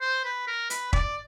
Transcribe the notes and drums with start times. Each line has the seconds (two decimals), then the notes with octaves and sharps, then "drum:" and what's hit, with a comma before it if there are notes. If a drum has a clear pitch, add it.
0.01 C5
0.25 B4
0.47 A#4
0.70 B4, drum: hi-hat
0.93 D5, drum: kick